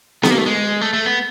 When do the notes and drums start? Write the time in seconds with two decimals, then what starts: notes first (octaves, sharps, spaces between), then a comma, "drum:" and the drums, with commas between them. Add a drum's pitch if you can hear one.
0.23 B3, drum: snare B3
0.31 A#3
0.38 A3
0.46 G#3
0.81 A3
0.93 A3
1.06 B3